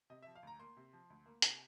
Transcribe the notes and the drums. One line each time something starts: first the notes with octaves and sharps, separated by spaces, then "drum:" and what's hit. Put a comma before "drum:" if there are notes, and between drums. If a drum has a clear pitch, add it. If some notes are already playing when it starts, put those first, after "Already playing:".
C3 D#5
E5
F3
F5
D2 A#5
A#3 C6
C3
F3
D2
A#3
C3, drum: hi-hat